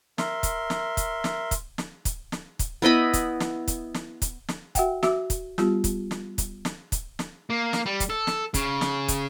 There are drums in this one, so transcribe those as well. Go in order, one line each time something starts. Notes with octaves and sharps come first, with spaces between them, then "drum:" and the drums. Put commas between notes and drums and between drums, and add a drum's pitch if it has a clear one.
A#4 E5 C6, drum: snare
drum: kick, hi-hat
drum: snare
drum: kick, hi-hat
drum: snare
drum: kick, hi-hat
drum: snare
drum: kick, hi-hat
drum: snare
drum: kick, hi-hat
B3 E4 D#5 B5
drum: kick, hi-hat
drum: snare
drum: kick, hi-hat
drum: snare
drum: kick, hi-hat
drum: snare
F#4 E5 F#5 G5, drum: kick, hi-hat
F#4 E5 D6 E6, drum: snare
drum: kick, hi-hat
G3 B3 F4 G4, drum: snare
drum: kick, hi-hat
drum: snare
drum: kick, hi-hat
drum: snare
drum: kick, hi-hat
drum: snare
A#3
drum: snare
G3
drum: kick, hi-hat
A4
drum: snare
C#3, drum: kick, hi-hat
drum: snare
drum: kick, hi-hat